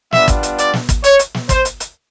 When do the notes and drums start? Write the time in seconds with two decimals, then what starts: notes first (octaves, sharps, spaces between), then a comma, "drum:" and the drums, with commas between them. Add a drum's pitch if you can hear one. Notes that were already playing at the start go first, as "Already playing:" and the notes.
0.12 G3 B3 D4 F4 E5, drum: snare
0.28 drum: kick, hi-hat
0.43 drum: hi-hat
0.58 D5, drum: hi-hat
0.73 drum: snare
0.89 drum: kick, hi-hat
1.04 C#5, drum: hi-hat
1.19 drum: hi-hat
1.34 drum: snare
1.49 C5, drum: kick, hi-hat
1.65 drum: hi-hat
1.80 drum: hi-hat